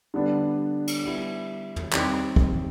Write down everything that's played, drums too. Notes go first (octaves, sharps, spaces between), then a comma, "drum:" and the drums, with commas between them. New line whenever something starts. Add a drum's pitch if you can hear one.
D3 G3 B3 D4
drum: cymbal
G3 B3 E4
drum: tom
G3 C4 D#4 G4, drum: clap
drum: kick